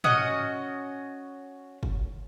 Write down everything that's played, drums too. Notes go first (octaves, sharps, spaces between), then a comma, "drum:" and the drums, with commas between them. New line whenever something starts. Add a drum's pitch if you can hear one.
C#4 F#4 D#5, drum: tom
drum: kick G1